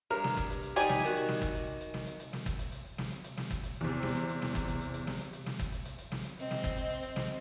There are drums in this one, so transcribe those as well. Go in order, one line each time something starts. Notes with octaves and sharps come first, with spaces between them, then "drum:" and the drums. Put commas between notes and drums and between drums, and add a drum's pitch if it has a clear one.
G2 A#4
drum: snare
drum: kick G1
drum: hi-hat
drum: hi-hat
D#4 G4 D5 G#5 B5 D#6, drum: hi-hat
drum: snare
D#3 F#4, drum: hi-hat
drum: hi-hat
drum: snare
drum: kick G1, hi-hat
drum: hi-hat
drum: hi-hat
drum: snare
drum: hi-hat
drum: hi-hat
drum: snare
drum: kick G1, hi-hat
drum: hi-hat
drum: hi-hat
drum: snare
drum: hi-hat
drum: hi-hat
drum: snare
drum: kick G1, hi-hat
drum: hi-hat
E2 C3
drum: snare
drum: hi-hat
drum: hi-hat
drum: snare
drum: kick G1, hi-hat
drum: hi-hat
drum: hi-hat
drum: hi-hat
drum: snare
drum: hi-hat
drum: hi-hat
drum: snare
drum: kick G1, hi-hat
drum: hi-hat
drum: hi-hat
drum: hi-hat
drum: snare
drum: hi-hat
C4 D#5, drum: hi-hat
drum: snare
drum: kick G1, hi-hat
drum: hi-hat
drum: hi-hat
drum: hi-hat
drum: snare